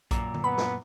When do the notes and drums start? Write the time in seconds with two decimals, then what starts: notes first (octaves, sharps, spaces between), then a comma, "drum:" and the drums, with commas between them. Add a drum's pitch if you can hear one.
0.11 F#2 A#2 A#5 D6 E6, drum: kick A#1, hi-hat
0.34 drum: tom
0.44 B3 B5
0.58 drum: snare